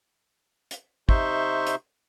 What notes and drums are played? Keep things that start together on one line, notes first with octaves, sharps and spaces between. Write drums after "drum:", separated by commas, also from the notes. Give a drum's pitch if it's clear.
drum: hi-hat
C3 D#4 C5 E5 C6 C#6, drum: kick
drum: hi-hat